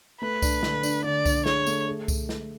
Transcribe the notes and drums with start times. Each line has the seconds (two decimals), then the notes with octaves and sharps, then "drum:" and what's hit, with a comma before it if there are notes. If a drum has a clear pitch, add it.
0.21 A3 B4
0.42 D4, drum: kick C2, tambourine
0.63 D3, drum: snare
0.83 D4, drum: tambourine
1.04 D3 D5
1.26 D4, drum: kick C2, tambourine
1.46 G#4 C#5, drum: snare
1.67 A3, drum: tambourine
1.88 G#4
2.08 drum: kick C2, tambourine
2.29 drum: snare